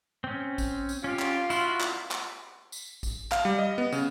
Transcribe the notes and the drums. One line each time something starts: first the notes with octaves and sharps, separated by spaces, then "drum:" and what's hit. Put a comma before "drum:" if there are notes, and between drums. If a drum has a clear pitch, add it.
C4 C#4
drum: kick A#1, tambourine
drum: tambourine
C#4 F4 G4
drum: clap
E4 F#4 C6, drum: tambourine
drum: clap
drum: clap
drum: tambourine
drum: kick A#1, tambourine
F5, drum: clap
G3
D#5
B3
C#3, drum: tambourine